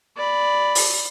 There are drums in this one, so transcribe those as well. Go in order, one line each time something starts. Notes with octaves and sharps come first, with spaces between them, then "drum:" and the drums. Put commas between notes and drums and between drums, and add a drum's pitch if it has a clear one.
D5 B5
drum: open hi-hat